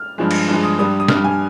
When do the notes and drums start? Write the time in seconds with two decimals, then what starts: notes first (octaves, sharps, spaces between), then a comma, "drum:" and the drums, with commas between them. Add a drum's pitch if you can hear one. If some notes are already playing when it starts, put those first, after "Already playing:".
Already playing: F6
0.18 G2 F3 G#3
0.31 drum: cymbal
0.48 G2 F3 G#3
0.63 D#6
0.79 G2 G3 D#6
1.00 D#6
1.08 G2 G3 F6, drum: snare
1.24 G#5